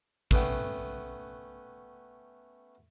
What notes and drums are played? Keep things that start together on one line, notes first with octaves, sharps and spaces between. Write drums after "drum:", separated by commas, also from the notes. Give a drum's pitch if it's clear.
A3 B3 C#4 B4 F#5 G5, drum: kick